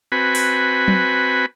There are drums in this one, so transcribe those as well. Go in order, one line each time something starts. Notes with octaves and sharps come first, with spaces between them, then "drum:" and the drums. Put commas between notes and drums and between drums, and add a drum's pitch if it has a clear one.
C4 F#4 B4 G#5 B5
drum: open hi-hat
drum: tom F#3